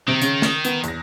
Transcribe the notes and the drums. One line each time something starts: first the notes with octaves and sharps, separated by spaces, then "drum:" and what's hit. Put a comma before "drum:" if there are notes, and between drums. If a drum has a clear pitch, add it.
C3 D#3 D7
C#3, drum: hi-hat
drum: snare
B3, drum: hi-hat
E2 A#6, drum: hi-hat